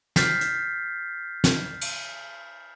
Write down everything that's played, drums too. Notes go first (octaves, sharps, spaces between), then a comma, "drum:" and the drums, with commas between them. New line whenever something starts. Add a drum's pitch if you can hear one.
F6 G6 A6 B6 C7, drum: snare
drum: hi-hat
drum: snare
drum: cymbal